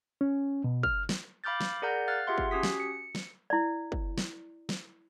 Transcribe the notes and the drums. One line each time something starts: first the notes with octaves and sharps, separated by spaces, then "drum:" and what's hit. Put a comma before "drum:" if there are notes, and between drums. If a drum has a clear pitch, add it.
C#4
B2
F6, drum: kick
drum: snare
F5 B5 D6 F6 G6 A6
drum: snare
G#4 A#4 D5 F#5 A#5 G6
F5 F6 F#6 A6
F4 G4 G#4 E5 F#5 C6
drum: kick
C#4 F#4 G4 D#6 B6
drum: snare
C#7
drum: snare
E4 D5
drum: kick
drum: snare
drum: snare